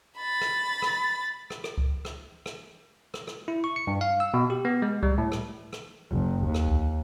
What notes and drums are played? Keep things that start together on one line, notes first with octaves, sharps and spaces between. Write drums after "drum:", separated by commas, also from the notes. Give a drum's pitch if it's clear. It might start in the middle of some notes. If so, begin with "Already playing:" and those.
B5 A6
drum: rim click
drum: rim click
drum: rim click
drum: rim click
drum: kick C#2
drum: rim click
drum: rim click
drum: rim click
drum: rim click
E4
C#6
C#7
G2
F5
E6
B2
G4
B3
G#3
G3, drum: kick C#2
A2
drum: rim click
drum: rim click
F#1
D#2
drum: rim click
drum: kick C#2